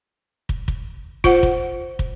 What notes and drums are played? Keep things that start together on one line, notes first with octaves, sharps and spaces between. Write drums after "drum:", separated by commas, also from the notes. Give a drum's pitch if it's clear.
drum: kick
drum: kick
F4 C5 F#5, drum: kick
drum: kick
drum: kick